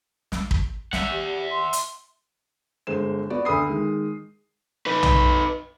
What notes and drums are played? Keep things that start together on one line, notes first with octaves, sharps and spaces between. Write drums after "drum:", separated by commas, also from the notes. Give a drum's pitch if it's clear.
drum: snare
drum: kick
E5 F#5, drum: snare
G4
C6
drum: hi-hat
G1 G#3 C5 E7
B3 F#4 D5
D2 A4 B5 D#6 C7
D#3 G#3
D#4 B4
drum: tom B1